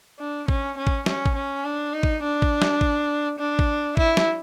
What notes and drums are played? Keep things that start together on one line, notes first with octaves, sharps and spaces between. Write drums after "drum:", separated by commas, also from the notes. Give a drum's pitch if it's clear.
D4
C#4, drum: kick A1
C#4
drum: kick A1
C#4, drum: snare
drum: kick A1
C#4
D4
D#4
drum: kick A1
D4
drum: kick A1
drum: snare
drum: kick A1
D4
drum: kick A1
E4, drum: kick A1
drum: snare